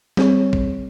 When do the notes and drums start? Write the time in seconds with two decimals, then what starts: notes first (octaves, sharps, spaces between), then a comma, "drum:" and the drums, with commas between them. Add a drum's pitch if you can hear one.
0.17 G3 C4 G#4 C#5, drum: snare
0.53 drum: kick